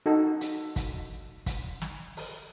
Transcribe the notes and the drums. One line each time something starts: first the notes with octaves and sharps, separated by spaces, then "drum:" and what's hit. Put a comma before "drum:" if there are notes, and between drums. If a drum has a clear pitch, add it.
D#4 F#4 A4
drum: hi-hat
drum: kick, hi-hat
drum: kick, hi-hat
drum: snare
drum: open hi-hat